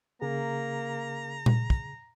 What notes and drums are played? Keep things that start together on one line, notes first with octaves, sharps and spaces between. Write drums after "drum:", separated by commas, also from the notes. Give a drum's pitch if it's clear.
C#3 A#3 G#4 A#5
drum: tom A#2
drum: kick